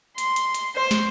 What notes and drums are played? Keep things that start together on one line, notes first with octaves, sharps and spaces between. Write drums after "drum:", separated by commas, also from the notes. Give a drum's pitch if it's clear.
C6, drum: hi-hat
drum: hi-hat
drum: hi-hat
C5
drum: snare